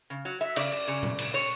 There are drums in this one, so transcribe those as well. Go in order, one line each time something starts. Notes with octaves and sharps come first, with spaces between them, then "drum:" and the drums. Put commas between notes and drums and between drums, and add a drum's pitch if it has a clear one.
C#3
F#3
F#3 E5
C#3 D5, drum: cymbal
F#2
C#3
F#2, drum: tom A#2
C#3, drum: cymbal
C#5